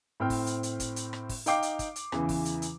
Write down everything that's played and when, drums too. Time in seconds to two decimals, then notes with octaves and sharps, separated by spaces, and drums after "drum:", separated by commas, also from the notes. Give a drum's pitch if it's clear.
0.20 A2 C4 C5 G5 F6
0.30 drum: kick, open hi-hat
0.47 drum: hi-hat
0.63 drum: hi-hat
0.80 drum: kick, hi-hat
0.96 drum: hi-hat
1.13 drum: rim click
1.29 drum: kick, open hi-hat
1.46 D#4 F5 G5 D6 C7, drum: hi-hat
1.62 drum: hi-hat
1.79 drum: kick, hi-hat
1.96 drum: hi-hat
2.12 E2 C#3 E3, drum: rim click
2.29 drum: kick, open hi-hat
2.45 drum: hi-hat
2.62 drum: hi-hat